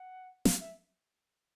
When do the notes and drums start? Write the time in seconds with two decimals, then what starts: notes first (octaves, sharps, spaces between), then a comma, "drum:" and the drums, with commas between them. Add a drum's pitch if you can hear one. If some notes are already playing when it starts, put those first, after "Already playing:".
Already playing: F#5
0.45 F5, drum: snare
0.60 E5